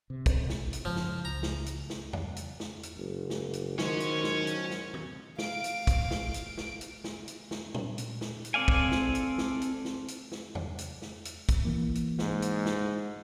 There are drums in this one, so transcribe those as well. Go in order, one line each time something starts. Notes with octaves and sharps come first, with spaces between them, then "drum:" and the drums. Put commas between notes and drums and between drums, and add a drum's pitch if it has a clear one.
C3
drum: kick, hi-hat
drum: snare
drum: hi-hat
F#1 G#2 C#3 F3
drum: snare
C#2 A#5
drum: snare
drum: hi-hat
drum: snare
drum: tom E2
drum: hi-hat
drum: snare
drum: hi-hat
F#1
drum: snare
drum: hi-hat
D#3 F#3 C#4 C5 C#5, drum: snare
drum: hi-hat
drum: snare
drum: hi-hat
drum: snare
drum: tom D#3
F5 D7, drum: snare
drum: hi-hat
drum: kick, hi-hat
drum: snare
drum: hi-hat
drum: snare
drum: hi-hat
drum: snare
drum: hi-hat
drum: snare
drum: tom
drum: hi-hat
drum: snare
drum: hi-hat
C4 A4 D5 F5 G#5
drum: kick
drum: snare
drum: hi-hat
drum: snare
drum: hi-hat
drum: snare
drum: hi-hat
drum: snare
drum: tom E2
drum: hi-hat
drum: snare
drum: hi-hat
drum: kick, hi-hat
E3 A#3
drum: hi-hat
G#2, drum: snare
drum: hi-hat
drum: snare